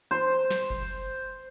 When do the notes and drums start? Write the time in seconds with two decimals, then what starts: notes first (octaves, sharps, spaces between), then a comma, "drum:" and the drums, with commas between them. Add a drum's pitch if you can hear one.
0.11 C5
0.50 drum: snare
0.70 drum: kick F#1